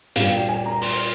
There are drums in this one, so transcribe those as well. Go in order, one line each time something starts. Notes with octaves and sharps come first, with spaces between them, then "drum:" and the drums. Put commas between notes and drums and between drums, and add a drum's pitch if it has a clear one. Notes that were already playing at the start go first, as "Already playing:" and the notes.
A#2 G3 D4 F5, drum: hi-hat
G5
G#5
A#5
C6, drum: open hi-hat